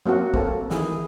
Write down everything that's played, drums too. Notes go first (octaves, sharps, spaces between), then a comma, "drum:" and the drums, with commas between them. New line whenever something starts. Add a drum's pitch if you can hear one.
F#3 A#3 C4 F#4
A#3 C4 A4, drum: kick
D#3 E3 G#4, drum: snare